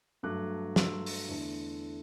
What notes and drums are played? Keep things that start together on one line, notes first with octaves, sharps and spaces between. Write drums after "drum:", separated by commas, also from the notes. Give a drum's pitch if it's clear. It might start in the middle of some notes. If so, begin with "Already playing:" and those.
G2 F#3 A3 D6 F#6
C6 E6, drum: snare
drum: open hi-hat
E2 D3 A3